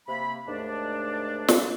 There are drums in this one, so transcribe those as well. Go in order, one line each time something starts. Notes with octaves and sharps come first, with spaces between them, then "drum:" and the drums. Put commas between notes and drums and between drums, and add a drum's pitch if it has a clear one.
C3 A#3 B5
D#2 G#2 A3 D4
drum: snare